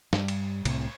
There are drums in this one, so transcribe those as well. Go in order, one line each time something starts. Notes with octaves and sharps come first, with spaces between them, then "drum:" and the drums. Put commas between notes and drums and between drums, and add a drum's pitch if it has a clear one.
G2 G3, drum: snare
drum: cymbal
C2 A2 C3, drum: cymbal